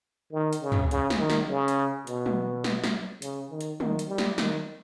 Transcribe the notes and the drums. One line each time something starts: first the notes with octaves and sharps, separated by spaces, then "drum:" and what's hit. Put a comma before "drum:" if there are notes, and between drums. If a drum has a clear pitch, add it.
D#3
drum: hi-hat
C#3
drum: tom
C#3, drum: hi-hat
drum: snare
D#3
drum: snare
C#3
drum: hi-hat
B2, drum: hi-hat
drum: tom
drum: snare
drum: snare
C#3, drum: hi-hat
D#3
drum: hi-hat
D#3, drum: tom
drum: hi-hat
G3
drum: snare
D#3, drum: snare